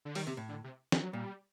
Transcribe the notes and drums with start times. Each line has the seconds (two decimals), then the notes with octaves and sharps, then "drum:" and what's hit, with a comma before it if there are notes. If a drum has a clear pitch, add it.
0.05 D3
0.15 D#3 G3, drum: open hi-hat
0.27 C3
0.37 A2
0.49 D3
0.64 C3
0.92 D#3, drum: snare
1.03 F#3
1.13 A#2 G3